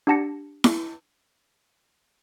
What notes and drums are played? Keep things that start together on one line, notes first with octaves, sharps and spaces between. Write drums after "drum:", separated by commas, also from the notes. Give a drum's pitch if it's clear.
D4 G4 F#5 A5 A#6 C#7
drum: snare E4